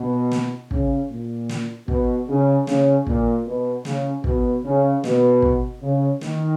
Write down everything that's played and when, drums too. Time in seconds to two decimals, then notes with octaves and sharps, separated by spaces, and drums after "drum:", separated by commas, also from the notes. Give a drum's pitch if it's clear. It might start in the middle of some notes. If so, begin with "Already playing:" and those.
Already playing: B2
0.31 drum: snare
0.71 C#3, drum: kick
1.10 A#2
1.49 drum: snare
1.88 B2, drum: kick
2.28 C#3
2.67 C#3, drum: snare
3.07 A#2, drum: kick
3.46 B2
3.85 C#3, drum: snare
4.24 B2, drum: kick
4.64 C#3
5.04 B2, drum: snare
5.42 drum: kick
5.81 C#3
6.21 D#3, drum: snare